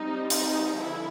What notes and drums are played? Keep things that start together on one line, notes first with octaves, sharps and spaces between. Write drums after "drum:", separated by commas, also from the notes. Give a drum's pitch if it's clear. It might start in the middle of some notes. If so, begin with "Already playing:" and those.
Already playing: G3 C4 D#4
D#4, drum: hi-hat
D3 F3 E4